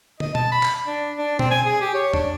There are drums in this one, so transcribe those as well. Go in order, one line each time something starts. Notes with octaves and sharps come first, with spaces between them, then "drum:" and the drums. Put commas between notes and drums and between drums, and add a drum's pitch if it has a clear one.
D#5, drum: tom
A5, drum: tom B2
B5
drum: clap
D4
D4
C4, drum: tom B2
G#5
G#4
G4
C#5
D4, drum: tom E2